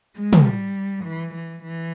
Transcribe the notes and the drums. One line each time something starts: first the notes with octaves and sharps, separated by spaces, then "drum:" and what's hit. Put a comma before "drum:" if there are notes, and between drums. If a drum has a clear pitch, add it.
G#3
drum: tom
G3
E3
E3
E3